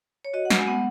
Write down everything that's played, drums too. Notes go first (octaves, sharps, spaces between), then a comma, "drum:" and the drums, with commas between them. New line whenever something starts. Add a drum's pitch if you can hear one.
C#5
F#4 D#5
F#5
G#3, drum: snare
G#5
B3 F#5